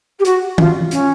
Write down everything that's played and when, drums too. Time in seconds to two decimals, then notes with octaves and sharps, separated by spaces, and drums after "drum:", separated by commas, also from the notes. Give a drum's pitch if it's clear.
0.19 G4
0.25 F#4, drum: hi-hat
0.58 F4, drum: tom D#3
0.91 C#4, drum: hi-hat